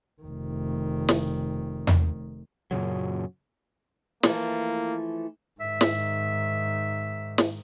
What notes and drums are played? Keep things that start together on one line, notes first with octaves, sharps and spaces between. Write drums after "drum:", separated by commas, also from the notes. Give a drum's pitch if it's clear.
F1 D#3
drum: snare
drum: tom E2
F#2 A#2 C#3 F#3
E3 F3 A3 A#3, drum: snare
G#2 D#3 E5
drum: snare
drum: snare